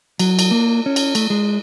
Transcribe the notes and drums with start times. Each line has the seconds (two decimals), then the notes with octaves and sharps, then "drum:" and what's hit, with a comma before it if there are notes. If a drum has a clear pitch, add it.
0.19 F#3, drum: cymbal
0.39 drum: cymbal
0.51 A#3
0.86 C#4
0.96 drum: cymbal
1.15 A3, drum: cymbal
1.30 G#3